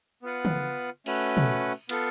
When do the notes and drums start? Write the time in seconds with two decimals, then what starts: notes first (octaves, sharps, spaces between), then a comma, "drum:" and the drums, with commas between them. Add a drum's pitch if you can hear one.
0.22 B3 F4 B4 F#5
0.45 drum: tom
1.06 A3 C#4 F#4 B4, drum: cymbal
1.37 drum: tom
1.89 B3 F4 A4, drum: cymbal